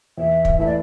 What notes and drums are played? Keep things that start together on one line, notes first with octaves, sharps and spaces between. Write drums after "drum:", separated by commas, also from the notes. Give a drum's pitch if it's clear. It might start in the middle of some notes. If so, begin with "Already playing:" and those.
E2 E5
drum: kick
E3 A3 E4 E5
D5